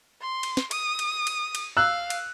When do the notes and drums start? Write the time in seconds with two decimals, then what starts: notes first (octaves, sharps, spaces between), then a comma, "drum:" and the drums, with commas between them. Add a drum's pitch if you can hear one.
0.22 C6
0.43 drum: cymbal
0.57 drum: snare
0.71 D#6, drum: cymbal
0.99 drum: cymbal
1.27 drum: cymbal
1.55 drum: cymbal
1.77 F5 E6 F#6
2.10 drum: cymbal